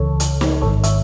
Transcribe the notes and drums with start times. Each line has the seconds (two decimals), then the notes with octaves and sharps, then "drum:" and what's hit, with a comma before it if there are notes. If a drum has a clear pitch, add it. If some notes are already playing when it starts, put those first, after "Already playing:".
Already playing: C#2 C#3 E3 A4 C#5
0.20 drum: hi-hat
0.41 drum: snare
0.62 A1 G#2 D#3 A4 C#5
0.84 C#5 E5, drum: hi-hat